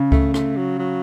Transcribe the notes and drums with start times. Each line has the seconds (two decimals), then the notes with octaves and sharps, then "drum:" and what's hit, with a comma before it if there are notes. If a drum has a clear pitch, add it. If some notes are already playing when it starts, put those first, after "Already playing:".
Already playing: C#3
0.12 A3, drum: kick C#2
0.34 A3, drum: rim click
0.57 F#3
0.79 F#3